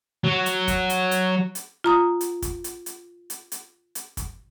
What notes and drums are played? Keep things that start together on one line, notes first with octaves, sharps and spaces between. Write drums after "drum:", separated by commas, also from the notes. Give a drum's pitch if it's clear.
F#3
drum: hi-hat
drum: kick, hi-hat
drum: hi-hat
drum: hi-hat
drum: hi-hat
F4 A#5 D#6
drum: hi-hat
drum: kick, hi-hat
drum: hi-hat
drum: hi-hat
drum: hi-hat
drum: hi-hat
drum: hi-hat
drum: kick, hi-hat